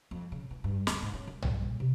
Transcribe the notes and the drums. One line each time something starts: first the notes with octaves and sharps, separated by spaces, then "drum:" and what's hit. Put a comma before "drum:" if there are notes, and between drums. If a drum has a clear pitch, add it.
F2
C#3
E3
G2
D2, drum: snare
G#2
C#4
D#3
G2, drum: tom B1
A#2
C3